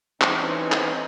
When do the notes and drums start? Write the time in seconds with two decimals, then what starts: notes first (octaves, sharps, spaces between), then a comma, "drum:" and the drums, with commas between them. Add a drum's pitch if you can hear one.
0.21 E3 C4 C#4 D#4, drum: clap
0.72 drum: clap